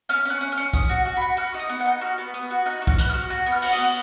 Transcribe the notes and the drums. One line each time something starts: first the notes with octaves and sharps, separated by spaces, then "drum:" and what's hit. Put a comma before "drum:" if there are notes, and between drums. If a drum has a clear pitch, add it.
C#4 F6
C#4 F#6
C#4
F6
C#4
C#4 D#6, drum: kick
F#4
F#4
B5
F#4
F#4 F6
D#4
D#6
B3
F#5
D#4
F#4 F6
B3
B3 D#6
F#4
D#4 F#6
F#4
F6, drum: kick
B3 F#6, drum: hi-hat
F6
F#4
F#4 F#6
B3
F6
F#4, drum: open hi-hat
D#6
B3